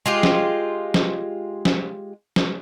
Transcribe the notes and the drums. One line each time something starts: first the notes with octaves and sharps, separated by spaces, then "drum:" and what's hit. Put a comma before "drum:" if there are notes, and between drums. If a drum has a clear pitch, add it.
G#3 F4 G4
drum: snare
drum: snare
drum: snare
drum: snare